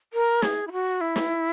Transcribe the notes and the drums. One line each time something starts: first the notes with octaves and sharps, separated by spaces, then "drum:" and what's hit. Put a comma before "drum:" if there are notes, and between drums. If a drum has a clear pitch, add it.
A#4
G#4, drum: snare
E4
F#4
E4
drum: snare